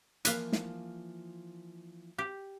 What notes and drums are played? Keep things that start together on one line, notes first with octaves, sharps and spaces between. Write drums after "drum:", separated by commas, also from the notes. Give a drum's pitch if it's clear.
E3 F3 A#3 B4 F5, drum: hi-hat
drum: snare
G4